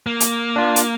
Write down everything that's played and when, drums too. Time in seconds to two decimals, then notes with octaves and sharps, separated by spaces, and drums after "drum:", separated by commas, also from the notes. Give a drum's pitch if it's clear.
0.07 A#3
0.20 drum: hi-hat
0.56 D4 F4
0.76 drum: hi-hat